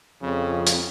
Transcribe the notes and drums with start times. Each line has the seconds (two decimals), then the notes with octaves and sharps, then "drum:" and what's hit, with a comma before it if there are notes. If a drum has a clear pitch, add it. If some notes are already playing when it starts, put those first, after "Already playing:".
0.22 F2 C#3
0.67 drum: hi-hat